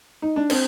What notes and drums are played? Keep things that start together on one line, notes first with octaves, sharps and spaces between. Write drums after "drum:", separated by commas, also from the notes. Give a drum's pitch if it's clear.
D#4
D4
C4, drum: cymbal